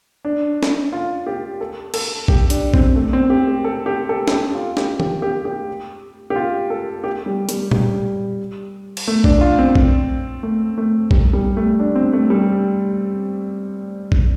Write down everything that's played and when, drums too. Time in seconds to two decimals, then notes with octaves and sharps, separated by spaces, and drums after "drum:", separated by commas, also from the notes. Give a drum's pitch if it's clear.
0.25 D4
0.63 drum: snare
0.93 F4
1.27 G4
1.61 A4
1.94 A4, drum: cymbal
2.28 G4, drum: kick A#1
2.50 D4, drum: hi-hat
2.74 C4, drum: kick A#1
2.96 A3
3.13 C4
3.30 G4
3.47 G4
3.64 A4
3.86 G4
4.09 A4
4.28 A4, drum: snare
4.32 G4
4.55 F4
4.77 G4, drum: snare
5.00 G4, drum: tom
5.22 G4
5.45 G4
6.30 G4
6.36 F4
6.70 A4
7.04 G4
7.26 G3
7.49 G3, drum: hi-hat
7.71 G3, drum: tom A#2
8.97 drum: cymbal
9.08 A3
9.24 D4, drum: kick A#1
9.41 F4
9.59 C4
9.75 drum: kick A#1
10.43 A3
10.78 A3
11.11 G3, drum: kick A#1
11.33 G3
11.57 A3
11.80 D4
11.96 C4
12.13 A3
12.30 G3
14.12 drum: kick A#1